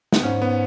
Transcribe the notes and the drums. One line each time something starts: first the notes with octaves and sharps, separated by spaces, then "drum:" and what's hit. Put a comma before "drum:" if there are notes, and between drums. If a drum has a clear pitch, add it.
B3, drum: snare
G#2 C#4
B3